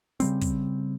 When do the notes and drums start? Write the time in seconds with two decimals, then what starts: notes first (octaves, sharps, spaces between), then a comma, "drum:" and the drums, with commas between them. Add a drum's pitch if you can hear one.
0.20 C#3 G3 C4, drum: hi-hat
0.41 drum: kick, hi-hat